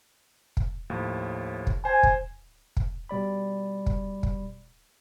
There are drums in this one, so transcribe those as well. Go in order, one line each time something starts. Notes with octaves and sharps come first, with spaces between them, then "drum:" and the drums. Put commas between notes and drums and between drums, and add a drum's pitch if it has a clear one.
drum: kick
D#2 A2 F3
drum: kick
C5 G#5
drum: kick
drum: kick
B2 G3 D5 B5
drum: kick
drum: kick